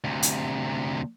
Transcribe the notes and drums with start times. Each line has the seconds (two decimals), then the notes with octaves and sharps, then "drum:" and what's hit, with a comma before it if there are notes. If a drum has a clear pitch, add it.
0.04 D2 C3
0.23 drum: hi-hat